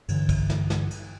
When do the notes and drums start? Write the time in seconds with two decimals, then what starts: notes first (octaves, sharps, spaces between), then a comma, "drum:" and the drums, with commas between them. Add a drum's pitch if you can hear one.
0.08 G2 D3 E3, drum: cymbal
0.29 drum: kick, cymbal
0.50 drum: snare
0.70 drum: snare
0.91 drum: cymbal